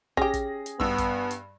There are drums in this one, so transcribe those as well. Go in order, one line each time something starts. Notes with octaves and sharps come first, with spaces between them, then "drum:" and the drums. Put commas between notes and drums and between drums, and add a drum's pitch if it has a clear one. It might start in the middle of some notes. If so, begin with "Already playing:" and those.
C#4 G4 G#4 A#6, drum: kick
drum: kick, hi-hat
drum: hi-hat
G2 B3 E6, drum: kick
drum: kick, hi-hat
drum: hi-hat